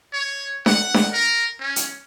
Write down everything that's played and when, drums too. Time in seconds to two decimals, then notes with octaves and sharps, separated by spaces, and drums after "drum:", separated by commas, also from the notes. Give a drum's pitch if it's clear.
0.13 C#5
0.66 F#5, drum: snare D4
0.94 drum: snare D4
1.13 A#4
1.60 C#4
1.76 drum: hi-hat